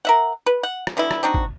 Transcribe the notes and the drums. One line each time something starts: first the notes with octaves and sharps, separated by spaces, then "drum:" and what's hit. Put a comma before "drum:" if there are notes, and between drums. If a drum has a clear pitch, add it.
A#4 E5 F#5
B4
F#5
drum: rim click
D3 E3 B3 E4
drum: rim click
C4 D4 D#4 F#4
drum: kick G1